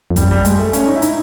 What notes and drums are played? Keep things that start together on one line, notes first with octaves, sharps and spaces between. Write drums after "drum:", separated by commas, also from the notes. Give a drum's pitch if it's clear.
F2
F#2 G3, drum: kick, hi-hat
G3
G#3, drum: hi-hat
A3
C#4, drum: hi-hat
D#4
E4
D#4, drum: hi-hat